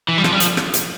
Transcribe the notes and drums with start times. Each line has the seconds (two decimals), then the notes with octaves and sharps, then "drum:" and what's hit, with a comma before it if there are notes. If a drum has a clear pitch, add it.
0.08 E3
0.18 G3
0.24 F3, drum: rim click
0.32 G3
0.40 F3, drum: hi-hat
0.57 drum: rim click
0.74 drum: hi-hat